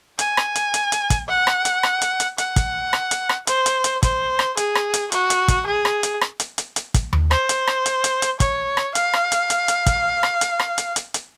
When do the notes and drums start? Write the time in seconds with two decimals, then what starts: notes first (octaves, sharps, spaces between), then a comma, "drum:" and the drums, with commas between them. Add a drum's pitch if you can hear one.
0.19 G#5, drum: hi-hat
0.37 drum: rim click
0.55 drum: hi-hat
0.74 drum: hi-hat
0.92 drum: hi-hat
1.10 drum: kick, hi-hat
1.28 F#5
1.47 drum: rim click
1.65 drum: hi-hat
1.83 drum: rim click
2.02 drum: hi-hat
2.20 drum: hi-hat
2.38 F#5, drum: hi-hat
2.56 drum: kick, hi-hat
2.93 drum: rim click
3.11 drum: hi-hat
3.29 drum: rim click
3.47 C5, drum: hi-hat
3.66 drum: hi-hat
3.84 drum: hi-hat
4.03 C5, drum: kick, hi-hat
4.39 drum: rim click
4.57 G#4, drum: hi-hat
4.75 drum: rim click
4.94 drum: hi-hat
5.12 F#4, drum: hi-hat
5.30 drum: hi-hat
5.48 drum: kick, hi-hat
5.67 G#4
5.85 drum: rim click
6.03 drum: hi-hat
6.21 drum: rim click
6.40 drum: hi-hat
6.58 drum: hi-hat
6.76 drum: hi-hat
6.94 drum: kick, hi-hat
7.13 drum: tom D#2
7.31 C5, drum: rim click
7.49 drum: hi-hat
7.67 drum: rim click
7.86 drum: hi-hat
8.04 drum: hi-hat
8.22 drum: hi-hat
8.40 C#5, drum: kick, hi-hat
8.77 drum: rim click
8.95 F5, drum: hi-hat
9.13 drum: rim click
9.32 drum: hi-hat
9.50 drum: hi-hat
9.68 drum: hi-hat
9.86 drum: kick, hi-hat
10.23 drum: rim click
10.41 drum: hi-hat
10.59 drum: rim click
10.78 drum: hi-hat
10.96 drum: hi-hat
11.14 drum: hi-hat